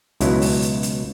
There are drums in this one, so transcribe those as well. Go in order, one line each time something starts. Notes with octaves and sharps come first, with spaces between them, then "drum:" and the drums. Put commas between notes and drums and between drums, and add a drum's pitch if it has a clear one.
C#2 B2 F#3 E4, drum: hi-hat
drum: open hi-hat
drum: hi-hat
drum: hi-hat